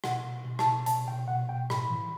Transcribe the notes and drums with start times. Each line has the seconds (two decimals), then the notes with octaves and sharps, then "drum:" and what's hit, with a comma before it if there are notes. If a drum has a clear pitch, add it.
0.04 B2 F#5, drum: rim click
0.24 B2
0.45 B2
0.59 A5, drum: rim click
0.66 B2
0.86 B2 A5, drum: hi-hat
1.08 B2 G5
1.28 B2 F#5
1.49 B2 G5
1.70 A2 B5, drum: rim click
1.90 E3